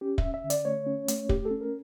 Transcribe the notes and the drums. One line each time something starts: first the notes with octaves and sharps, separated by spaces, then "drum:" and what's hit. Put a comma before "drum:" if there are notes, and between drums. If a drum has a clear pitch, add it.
C#4 G4
C#4 E5, drum: kick
E5
D3
D5, drum: hi-hat
A3 C#5
C#4
A3, drum: hi-hat
A3 G4, drum: kick
A4
C#4
A#4